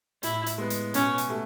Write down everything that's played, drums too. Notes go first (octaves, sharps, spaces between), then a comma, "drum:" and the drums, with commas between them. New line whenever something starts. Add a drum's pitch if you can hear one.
A2 E4, drum: hi-hat
drum: hi-hat
G#3 B3
drum: hi-hat
B2 C#4, drum: hi-hat
drum: hi-hat
A3